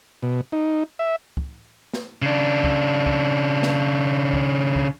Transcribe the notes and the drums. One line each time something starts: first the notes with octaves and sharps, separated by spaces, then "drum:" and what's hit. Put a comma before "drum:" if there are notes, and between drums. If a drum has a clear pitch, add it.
B2
D#4
E5
drum: kick
drum: snare
C#3 D4
drum: kick
drum: kick
drum: snare
drum: kick
drum: kick